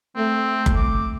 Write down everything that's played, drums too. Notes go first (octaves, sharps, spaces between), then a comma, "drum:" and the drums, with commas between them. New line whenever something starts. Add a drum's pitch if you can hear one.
A3 C4
drum: kick F#1
D6